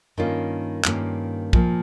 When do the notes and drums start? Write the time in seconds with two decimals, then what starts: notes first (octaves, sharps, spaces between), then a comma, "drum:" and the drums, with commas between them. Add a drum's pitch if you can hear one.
0.17 G2 D#3 A#3 C#4 F4
0.85 G2 D#3 A#3 C#4 F4, drum: clap
1.53 A#2 F3 A#3, drum: kick